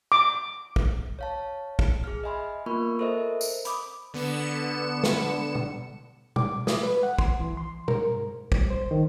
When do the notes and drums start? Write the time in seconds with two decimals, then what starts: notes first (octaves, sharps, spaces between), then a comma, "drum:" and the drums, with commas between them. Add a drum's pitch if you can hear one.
0.12 D6
0.76 drum: kick
1.19 C#5 F5 A5
1.79 drum: kick
2.04 G#4 F6
2.24 D#5 E5 G#5 B5 C6
2.66 A#3 B3 F4 A#4 B5 C#6
2.99 A4 A#4 C5 D#5 E5
3.41 drum: tambourine
3.65 B5 D6 D#6, drum: hi-hat
4.14 D3 B3 C#7 E7
5.04 drum: snare
5.55 drum: tom
6.36 D6, drum: tom
6.67 D#6, drum: snare
6.83 B4
7.03 F#5
7.18 C6, drum: kick
7.40 E3
7.57 C6
7.88 A#4, drum: tom
8.15 G#2
8.52 G3, drum: kick
8.70 C5
8.91 D#3